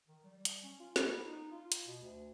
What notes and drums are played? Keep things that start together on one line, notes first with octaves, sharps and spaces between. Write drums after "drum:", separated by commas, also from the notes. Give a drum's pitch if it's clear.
D#3
G3
drum: hi-hat
C#4
F4
B3, drum: snare
D#4
F4
drum: hi-hat
B2
D2